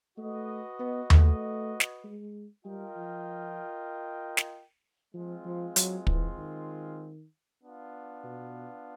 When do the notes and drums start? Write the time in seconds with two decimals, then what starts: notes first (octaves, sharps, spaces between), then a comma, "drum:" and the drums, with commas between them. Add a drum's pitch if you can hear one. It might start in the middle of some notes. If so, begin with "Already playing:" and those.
0.18 A3 F#4 B4 D#5
0.80 B3
1.10 A3, drum: tom D#2
1.80 drum: snare
2.04 G#3
2.65 G3 F4 A#4 D#5 G5
2.96 F3
4.37 drum: snare
5.14 F3 G#3 C4 F4
5.45 F3
5.76 F#3, drum: hi-hat
6.07 E3, drum: kick
6.38 D#3
7.62 B3 D4 F4
8.24 B2